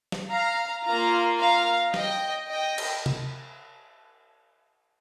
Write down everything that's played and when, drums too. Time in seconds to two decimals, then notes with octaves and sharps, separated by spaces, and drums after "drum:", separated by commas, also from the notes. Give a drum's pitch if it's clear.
0.12 drum: snare
0.32 F5 A#5
0.85 A#3 F4 F5 A#5
1.40 F5 A#5
1.94 D#5 G5, drum: snare
2.48 D#5 G5
2.78 drum: cymbal
3.06 drum: tom C3